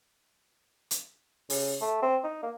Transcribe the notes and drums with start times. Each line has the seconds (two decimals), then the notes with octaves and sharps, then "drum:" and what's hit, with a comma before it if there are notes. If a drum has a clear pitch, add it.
0.91 drum: hi-hat
1.50 C#3, drum: open hi-hat
1.81 A3
2.02 C4
2.24 D#4
2.43 A#3